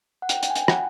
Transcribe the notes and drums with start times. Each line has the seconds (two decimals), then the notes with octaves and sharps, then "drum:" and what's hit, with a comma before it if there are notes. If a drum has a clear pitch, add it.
0.22 F#5
0.29 G5, drum: hi-hat
0.43 G5, drum: hi-hat
0.50 G#5
0.56 G5, drum: hi-hat
0.68 F#5, drum: rim click